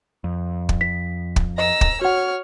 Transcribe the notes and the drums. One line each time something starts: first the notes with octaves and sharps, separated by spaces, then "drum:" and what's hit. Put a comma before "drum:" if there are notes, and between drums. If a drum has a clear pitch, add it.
F2
drum: kick
B6
drum: kick
D#5 A#5 E6
drum: kick
F#4 C#5 F#5 F6